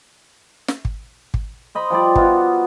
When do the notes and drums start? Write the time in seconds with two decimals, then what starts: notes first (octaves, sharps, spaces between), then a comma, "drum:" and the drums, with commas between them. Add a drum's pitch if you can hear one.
0.68 drum: snare
0.85 drum: kick
1.34 drum: kick
1.75 C5 D#5 B5
1.90 F3 G3 C5 D5
2.15 B3 D#4 F4 F#4, drum: kick